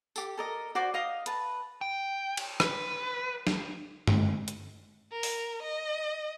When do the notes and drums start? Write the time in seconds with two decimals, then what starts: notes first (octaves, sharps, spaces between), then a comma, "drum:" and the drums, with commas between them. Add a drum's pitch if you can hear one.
0.16 G4 A4, drum: tambourine
0.37 A4 A#4 D#5
0.75 F#4 C5 D5 D6
0.94 D#5 F5 D#6
1.26 B4 A5, drum: hi-hat
1.81 G5
2.37 drum: cymbal
2.60 B4, drum: rim click
3.47 drum: snare
4.07 drum: tom
4.48 drum: hi-hat
5.12 A#4
5.23 drum: open hi-hat
5.63 D#5